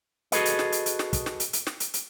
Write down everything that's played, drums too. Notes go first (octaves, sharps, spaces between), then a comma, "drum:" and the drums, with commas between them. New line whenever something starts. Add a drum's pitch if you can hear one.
F#4 G#4 A4 B4 D#5, drum: hi-hat
drum: hi-hat
drum: snare
drum: hi-hat
drum: hi-hat
drum: snare
drum: kick, hi-hat
drum: snare
drum: hi-hat
drum: hi-hat
drum: snare
drum: hi-hat
drum: hi-hat